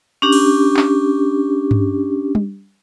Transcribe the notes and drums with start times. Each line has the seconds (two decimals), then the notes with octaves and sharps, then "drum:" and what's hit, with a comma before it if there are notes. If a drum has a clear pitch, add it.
0.22 C#4 D4 G4
0.32 drum: cymbal
0.77 drum: clap
1.71 drum: tom G2
2.35 drum: tom G3